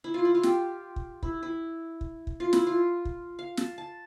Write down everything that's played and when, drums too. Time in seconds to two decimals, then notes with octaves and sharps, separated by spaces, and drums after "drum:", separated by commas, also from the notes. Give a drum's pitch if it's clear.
0.04 E4
0.14 F4
0.25 E4
0.35 F4
0.43 G4, drum: snare
0.96 drum: kick
1.23 E4, drum: kick
1.43 E4
2.01 drum: kick
2.27 drum: kick
2.40 F4
2.53 E4, drum: snare
2.67 F4
3.05 drum: kick
3.39 F5
3.57 A5, drum: snare
3.78 A5